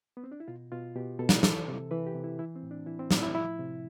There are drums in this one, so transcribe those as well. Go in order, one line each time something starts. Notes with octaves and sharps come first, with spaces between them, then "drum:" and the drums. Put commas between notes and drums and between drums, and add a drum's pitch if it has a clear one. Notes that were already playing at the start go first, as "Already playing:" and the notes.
B3
C4
D4
E4
B2 F4
B2 F4
B2 G4
B2 A4
drum: snare
E3 A4, drum: snare
C3
E3 B4
G4
C3
E4
E3 E4
C4
A2
D4
E3 E4
C4
A2 C4, drum: snare
E4
F3 E4
C3